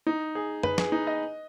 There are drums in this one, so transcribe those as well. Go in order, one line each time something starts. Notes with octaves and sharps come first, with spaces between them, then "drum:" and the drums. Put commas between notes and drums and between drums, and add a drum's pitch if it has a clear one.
D#4
G#4
B4, drum: tom F#2
G#4, drum: snare
D#4
D#5